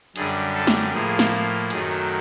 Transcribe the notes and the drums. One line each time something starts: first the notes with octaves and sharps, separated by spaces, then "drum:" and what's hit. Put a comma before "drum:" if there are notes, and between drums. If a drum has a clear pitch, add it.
F#2 D3 G3 G#4, drum: cymbal
A4
drum: snare
A2 F3 A#3 G#4
drum: snare
F#2 D#3 F#3 A3 G#4, drum: cymbal